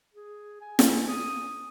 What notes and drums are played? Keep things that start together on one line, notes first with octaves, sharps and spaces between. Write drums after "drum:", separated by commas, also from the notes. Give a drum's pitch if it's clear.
G#4
G#5
drum: snare
G#5
D#6